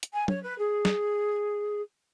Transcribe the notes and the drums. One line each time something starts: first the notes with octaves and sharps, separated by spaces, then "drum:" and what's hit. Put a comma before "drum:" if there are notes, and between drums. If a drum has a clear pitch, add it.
drum: hi-hat
G#5
C#5, drum: tom F#3
B4
G#4
drum: snare